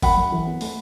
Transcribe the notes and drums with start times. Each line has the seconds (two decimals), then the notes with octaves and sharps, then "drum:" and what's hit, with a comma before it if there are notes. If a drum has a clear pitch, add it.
0.02 F#2 F#5 B5, drum: kick, open hi-hat
0.17 F#2
0.32 E3
0.46 B3
0.61 A3, drum: open hi-hat